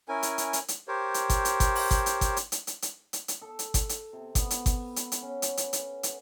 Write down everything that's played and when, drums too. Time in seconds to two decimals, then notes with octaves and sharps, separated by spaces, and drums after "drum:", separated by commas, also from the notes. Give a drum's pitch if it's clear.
0.08 C#4 E4 A#4 G#5
0.23 drum: hi-hat
0.38 drum: hi-hat
0.53 drum: hi-hat
0.68 drum: hi-hat
0.88 G4 A#4 C5 C#5
1.14 drum: hi-hat
1.30 drum: kick G1, hi-hat
1.45 drum: hi-hat
1.60 drum: kick G1, hi-hat
1.75 drum: open hi-hat
1.91 drum: kick G1, hi-hat
2.06 drum: hi-hat
2.21 drum: kick G1, hi-hat
2.37 drum: hi-hat
2.52 drum: hi-hat
2.67 drum: hi-hat
2.82 drum: hi-hat
3.13 drum: hi-hat
3.28 drum: hi-hat
3.42 A4
3.59 drum: hi-hat
3.74 drum: kick G1, hi-hat
3.89 drum: hi-hat
4.13 C3
4.35 B3, drum: kick G1, hi-hat
4.50 drum: hi-hat
4.66 drum: kick G1, hi-hat
4.96 drum: hi-hat
5.12 drum: hi-hat
5.22 C#4
5.42 drum: hi-hat
5.57 drum: hi-hat
5.73 drum: hi-hat
6.03 drum: hi-hat